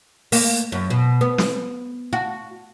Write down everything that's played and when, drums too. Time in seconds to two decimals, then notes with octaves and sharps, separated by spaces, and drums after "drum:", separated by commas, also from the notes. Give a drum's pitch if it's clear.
0.32 A#3, drum: open hi-hat
0.72 F#2
0.90 B2
1.21 B3
1.38 drum: snare
2.13 F#4